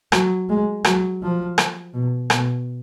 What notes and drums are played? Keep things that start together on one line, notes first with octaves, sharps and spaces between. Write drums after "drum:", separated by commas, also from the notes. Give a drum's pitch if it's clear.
F#3, drum: rim click
G#3
F#3, drum: rim click
F3
drum: rim click
B2
B2, drum: rim click